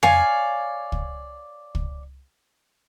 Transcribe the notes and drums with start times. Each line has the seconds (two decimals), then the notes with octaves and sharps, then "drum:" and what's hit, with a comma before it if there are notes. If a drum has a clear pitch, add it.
0.03 C#5 D5 F5 G#5, drum: tom F2
0.92 drum: kick
1.75 drum: kick